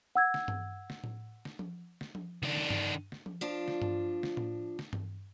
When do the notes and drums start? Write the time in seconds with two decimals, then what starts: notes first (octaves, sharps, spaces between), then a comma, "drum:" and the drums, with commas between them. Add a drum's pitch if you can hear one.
0.15 F#5 E6 G#6
0.34 drum: snare
0.48 drum: tom G2
0.90 drum: snare
1.04 drum: tom A2
1.45 drum: snare
1.59 drum: tom F3
2.01 drum: snare
2.15 drum: tom F3
2.43 D#3 D4
2.57 drum: snare
2.70 drum: tom G2
3.12 drum: snare
3.26 drum: tom F3
3.41 F3 D4 F4
3.68 drum: snare
3.82 drum: tom G2
4.23 drum: snare
4.37 drum: tom A2
4.79 drum: snare
4.93 drum: tom G2